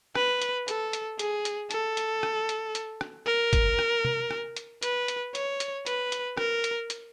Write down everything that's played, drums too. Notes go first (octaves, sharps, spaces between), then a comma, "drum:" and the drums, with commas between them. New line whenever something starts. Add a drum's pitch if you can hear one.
B4, drum: rim click
drum: hi-hat
A4, drum: hi-hat
drum: hi-hat
G#4, drum: hi-hat
drum: hi-hat
A4, drum: hi-hat
drum: hi-hat
drum: rim click
drum: hi-hat
drum: hi-hat
drum: rim click
A#4
drum: kick G#1, hi-hat
drum: rim click
drum: tom
drum: rim click
drum: hi-hat
B4, drum: hi-hat
drum: hi-hat
C#5, drum: hi-hat
drum: hi-hat
B4, drum: hi-hat
drum: hi-hat
A#4, drum: rim click
drum: hi-hat
drum: hi-hat